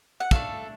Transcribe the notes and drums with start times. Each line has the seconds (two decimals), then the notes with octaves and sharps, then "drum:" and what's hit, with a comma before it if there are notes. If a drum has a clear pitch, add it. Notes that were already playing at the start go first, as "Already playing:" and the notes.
0.20 F#5
0.31 A3 D4 F#4 A4 F5, drum: kick